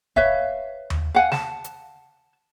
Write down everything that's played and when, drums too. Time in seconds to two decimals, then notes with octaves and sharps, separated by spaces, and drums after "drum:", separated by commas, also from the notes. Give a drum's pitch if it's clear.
0.16 B4 C#5 E5 F5, drum: kick
0.90 drum: tom D#2
1.15 F5 F#5 G#5
1.32 A5, drum: snare
1.64 drum: hi-hat